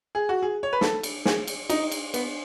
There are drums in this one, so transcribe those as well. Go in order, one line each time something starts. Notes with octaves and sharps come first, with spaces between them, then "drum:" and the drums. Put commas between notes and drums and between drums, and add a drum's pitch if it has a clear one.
G#4
F#4
G#4
C#5
B4
A4, drum: snare
drum: cymbal
G#4, drum: snare
drum: cymbal
D#4, drum: cymbal
drum: cymbal
B3, drum: cymbal